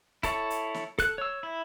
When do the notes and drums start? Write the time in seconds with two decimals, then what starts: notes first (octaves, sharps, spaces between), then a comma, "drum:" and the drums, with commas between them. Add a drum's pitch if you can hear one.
0.23 E4 A4 C#5, drum: kick C#1, hi-hat
0.50 drum: hi-hat
0.74 drum: snare
0.99 A4 F#6, drum: kick C#1, hi-hat
1.18 C#5 E6
1.43 E4